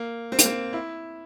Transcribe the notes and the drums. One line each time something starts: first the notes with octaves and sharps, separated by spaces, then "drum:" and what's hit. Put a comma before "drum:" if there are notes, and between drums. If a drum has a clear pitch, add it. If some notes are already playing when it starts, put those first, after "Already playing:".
Already playing: A#3
C4
A#3, drum: hi-hat
C4
E4